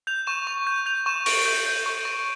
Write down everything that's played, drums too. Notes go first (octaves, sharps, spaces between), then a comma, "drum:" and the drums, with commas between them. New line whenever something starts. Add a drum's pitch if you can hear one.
G6 F7
C#6 E7
C#6 F7
G6
G6 F7
C#6 E7
C#6 D7, drum: open hi-hat
G6
G6
C#6
C#6